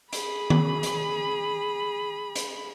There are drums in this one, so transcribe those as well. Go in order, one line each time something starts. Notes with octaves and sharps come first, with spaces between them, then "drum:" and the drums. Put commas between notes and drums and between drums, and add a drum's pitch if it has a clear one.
G#4 B5, drum: hi-hat
drum: tom D#3
drum: hi-hat
drum: hi-hat